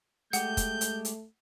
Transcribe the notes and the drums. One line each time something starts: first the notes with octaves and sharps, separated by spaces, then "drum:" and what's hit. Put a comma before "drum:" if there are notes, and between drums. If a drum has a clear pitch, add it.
G#3 A3 G4 F#5 G6, drum: hi-hat
drum: kick, hi-hat
drum: hi-hat
drum: hi-hat